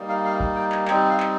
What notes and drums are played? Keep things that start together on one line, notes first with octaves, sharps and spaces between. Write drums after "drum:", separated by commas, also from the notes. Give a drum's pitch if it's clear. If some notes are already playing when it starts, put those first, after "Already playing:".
Already playing: G3 A#3 D#4
F5
F5
drum: kick G#1
G5
drum: clap
G3 C4 D#4 G5, drum: clap
F5
drum: clap